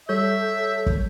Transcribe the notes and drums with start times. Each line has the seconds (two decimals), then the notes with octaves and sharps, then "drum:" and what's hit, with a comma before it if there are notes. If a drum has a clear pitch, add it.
0.09 G3 A4 C#5 E5 G6
0.86 drum: kick